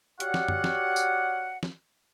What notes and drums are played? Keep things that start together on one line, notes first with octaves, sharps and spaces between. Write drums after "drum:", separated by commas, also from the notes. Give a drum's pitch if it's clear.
F#4 G4 C#5 D5 F5 F#5, drum: hi-hat
drum: snare
drum: tom F#2
drum: snare
drum: tambourine
drum: snare